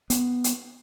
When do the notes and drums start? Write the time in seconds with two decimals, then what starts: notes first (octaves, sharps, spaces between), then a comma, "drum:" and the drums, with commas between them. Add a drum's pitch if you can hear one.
0.10 B3, drum: hi-hat
0.44 drum: hi-hat